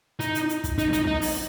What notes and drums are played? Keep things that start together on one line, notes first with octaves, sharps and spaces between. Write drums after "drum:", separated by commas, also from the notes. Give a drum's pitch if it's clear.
D#4, drum: hi-hat
drum: hi-hat
drum: hi-hat
drum: kick, hi-hat
D#4, drum: hi-hat
D#4, drum: hi-hat
D#4, drum: kick
drum: open hi-hat